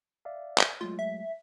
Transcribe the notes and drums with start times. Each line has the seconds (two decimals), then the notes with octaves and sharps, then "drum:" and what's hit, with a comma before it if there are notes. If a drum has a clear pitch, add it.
0.25 D5 E5 F5
0.58 drum: clap
0.81 F#3 G#3 A3 F4
0.99 E5